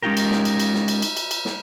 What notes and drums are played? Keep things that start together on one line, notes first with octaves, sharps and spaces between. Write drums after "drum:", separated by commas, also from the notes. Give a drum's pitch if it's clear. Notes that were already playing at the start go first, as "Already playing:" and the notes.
G#3 C#4 D#4 F4 G4 A#4
drum: cymbal
drum: snare
drum: cymbal
drum: cymbal
drum: snare
drum: cymbal
drum: cymbal
drum: cymbal
drum: cymbal
drum: snare